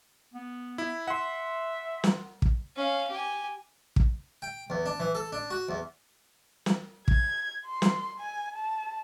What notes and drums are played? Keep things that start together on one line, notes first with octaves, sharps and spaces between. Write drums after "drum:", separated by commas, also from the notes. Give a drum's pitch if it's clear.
B3
E4
E5 F#5 C6
drum: snare
drum: kick
C#4 F5
G4 G#5
drum: kick
G5
E2
D4
E3
A4
D4
F#4
E2
drum: snare
G#6, drum: kick
C6
drum: snare
G#5
A5